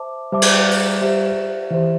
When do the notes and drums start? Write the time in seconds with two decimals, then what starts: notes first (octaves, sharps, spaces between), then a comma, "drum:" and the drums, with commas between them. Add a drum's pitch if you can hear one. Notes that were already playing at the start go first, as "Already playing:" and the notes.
Already playing: C5 E5 A5 D6
0.32 G3 C5 E5 A5 D6
0.42 drum: cymbal
0.71 drum: open hi-hat
1.01 G4 C5 E5
1.71 E3 G4 C5 E5